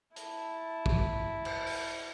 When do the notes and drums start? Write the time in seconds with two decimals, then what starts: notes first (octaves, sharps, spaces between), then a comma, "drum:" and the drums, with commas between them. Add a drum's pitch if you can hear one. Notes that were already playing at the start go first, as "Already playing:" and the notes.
0.16 E4 A5, drum: hi-hat
0.86 drum: kick
1.45 drum: cymbal
1.67 drum: open hi-hat